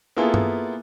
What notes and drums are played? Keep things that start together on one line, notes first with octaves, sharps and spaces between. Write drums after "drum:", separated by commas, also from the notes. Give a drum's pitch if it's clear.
A#3 B3 E4 F4 G#4 A4
drum: tom G2